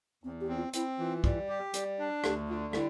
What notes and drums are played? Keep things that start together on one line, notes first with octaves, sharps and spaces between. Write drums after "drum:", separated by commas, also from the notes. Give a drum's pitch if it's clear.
E2 C4
G4
C4
F4
C4 E4, drum: hi-hat
E3 F4
G3, drum: kick
G4
G3, drum: hi-hat
D4
D2 G4, drum: rim click
D3 F4
G3 E4, drum: rim click